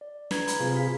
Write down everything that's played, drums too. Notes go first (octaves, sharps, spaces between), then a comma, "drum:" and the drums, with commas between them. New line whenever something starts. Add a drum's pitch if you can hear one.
D5
B4 A#5 G#6, drum: snare
A#5 B5, drum: hi-hat
C3 F4 G#4
B6